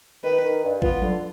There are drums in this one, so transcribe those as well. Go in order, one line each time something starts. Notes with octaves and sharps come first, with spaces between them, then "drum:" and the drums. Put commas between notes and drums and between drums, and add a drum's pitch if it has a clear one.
D#3 B4
D#3
G2
B3 F4, drum: kick
D3, drum: tom F3